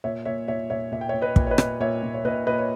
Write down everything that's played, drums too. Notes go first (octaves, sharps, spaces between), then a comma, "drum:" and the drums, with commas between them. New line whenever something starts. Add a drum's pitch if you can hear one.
A#2 C#5 E5
A#2 C#5 E5
A#2 C#5 E5
A#2 C#5 E5
A#2 E5
G5
C#5 E5
A#2
B4 D#5
A#2, drum: kick
C#5
B4 D#5
A#2, drum: rim click
A#2 C#5 E5
A#2
C#5
A#2 B4 D#5
A#2 B4 D#5
C#5